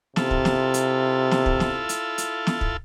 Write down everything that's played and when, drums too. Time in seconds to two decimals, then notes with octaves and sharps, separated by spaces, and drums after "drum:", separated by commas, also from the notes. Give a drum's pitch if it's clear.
0.16 C3 E4 F4 A4, drum: snare
0.31 drum: kick
0.45 drum: snare
0.74 drum: hi-hat
1.31 drum: snare
1.46 drum: kick
1.60 drum: snare
1.89 drum: hi-hat
2.18 drum: hi-hat
2.47 drum: snare
2.61 drum: kick